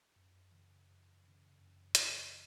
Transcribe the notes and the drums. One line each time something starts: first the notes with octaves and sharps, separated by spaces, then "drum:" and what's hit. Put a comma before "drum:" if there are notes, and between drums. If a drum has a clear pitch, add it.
F#2
C#3 E3
F#2
C#3 E3
F#2
C#3 E3, drum: hi-hat